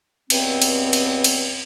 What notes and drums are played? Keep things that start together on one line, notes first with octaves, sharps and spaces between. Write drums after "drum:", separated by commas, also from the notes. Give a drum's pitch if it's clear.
C#2 G2 B3 C4, drum: cymbal
drum: cymbal
drum: cymbal
drum: cymbal